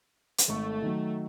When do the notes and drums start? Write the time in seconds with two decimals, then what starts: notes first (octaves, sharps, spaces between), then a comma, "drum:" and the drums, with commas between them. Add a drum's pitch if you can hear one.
0.38 drum: hi-hat
0.48 G#1 A3 C#6
0.82 D#3 F#3